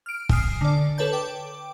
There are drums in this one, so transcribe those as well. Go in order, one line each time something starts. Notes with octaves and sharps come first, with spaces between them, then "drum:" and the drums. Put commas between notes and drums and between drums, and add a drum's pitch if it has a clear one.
F6 D7
G#5 D#6 F6 C7, drum: kick
D3 D5
A4 B4 C#5 A5 G6
G5 D6